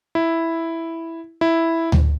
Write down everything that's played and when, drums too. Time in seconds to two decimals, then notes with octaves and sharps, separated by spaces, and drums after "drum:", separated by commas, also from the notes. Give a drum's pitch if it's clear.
0.15 E4
1.41 E4
1.92 drum: tom D2